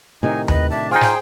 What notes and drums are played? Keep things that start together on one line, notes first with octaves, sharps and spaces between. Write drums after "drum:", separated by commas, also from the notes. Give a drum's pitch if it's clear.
A2 C3 D#3 D#4 G#5
B4 D#5 F#6, drum: tom D#2
D4 E5 A5
D#4 F4 G#4 C5 G5 G#5
drum: snare